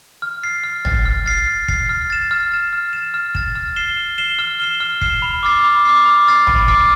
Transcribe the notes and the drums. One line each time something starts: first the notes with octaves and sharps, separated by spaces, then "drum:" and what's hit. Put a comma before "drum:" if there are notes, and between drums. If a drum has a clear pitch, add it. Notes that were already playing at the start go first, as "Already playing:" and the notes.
F6
A6 C7
F6
A6 C7, drum: tom
F6
A6 C7
F6
A6 C7, drum: kick
F6
A6 E7
F6
A6 E7
F6
A6 E7
F6
A6 E7, drum: kick
F6
C7 E7 G7
F6
C7 E7 G7
F6
C7 E7 G7
F6
C7 E7 G7, drum: kick
B5
D6 F6 A6 C7
B5
D6 F6 A6 C7
B5
D6 F6 A6 C7
B5, drum: tom
D6 F6 A6 C7, drum: kick